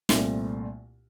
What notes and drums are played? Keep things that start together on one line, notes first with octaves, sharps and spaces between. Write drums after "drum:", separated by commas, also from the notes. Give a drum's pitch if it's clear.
C2 A#2 A3 C4 F4, drum: snare